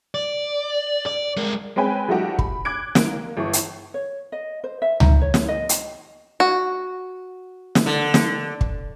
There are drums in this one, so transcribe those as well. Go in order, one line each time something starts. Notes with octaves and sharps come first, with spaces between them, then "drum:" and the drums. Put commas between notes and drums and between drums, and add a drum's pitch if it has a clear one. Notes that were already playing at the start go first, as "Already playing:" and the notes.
D5
D5
G#3 A#4
G#3 C4 C#4 B4 G5 G#5
F3 G3 A3 D#4 F#4 G4
B5, drum: kick
D6 F#6 G#6 D7
A#3 D7, drum: snare
G1 E3 C#6
drum: hi-hat
C#5
D#5
C5
E5
D#4, drum: tom C#2
C#5
drum: snare
D#5
drum: hi-hat
F#4
drum: snare
D3
drum: snare
drum: kick